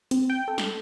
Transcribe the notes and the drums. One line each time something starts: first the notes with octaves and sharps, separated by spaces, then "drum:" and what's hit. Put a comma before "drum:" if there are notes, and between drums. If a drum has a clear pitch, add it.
C4, drum: hi-hat
G5
A4
drum: snare